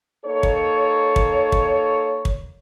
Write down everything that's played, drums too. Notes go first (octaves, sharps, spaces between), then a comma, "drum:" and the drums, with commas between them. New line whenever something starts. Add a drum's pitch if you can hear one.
A#3 D#4 A4 C#5
drum: kick
drum: kick
drum: kick
drum: kick